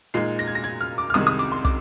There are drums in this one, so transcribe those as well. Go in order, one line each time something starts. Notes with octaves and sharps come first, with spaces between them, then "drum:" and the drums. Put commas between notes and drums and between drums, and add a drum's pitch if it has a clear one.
A#2 G#3 D#4 C7, drum: hi-hat
A#6, drum: hi-hat
G#6
A#6
G#6, drum: hi-hat
F6
D6
F6
C2 C3 D#3 G#3 D#6, drum: hi-hat
D#6
D6, drum: hi-hat
C6
D6, drum: kick, hi-hat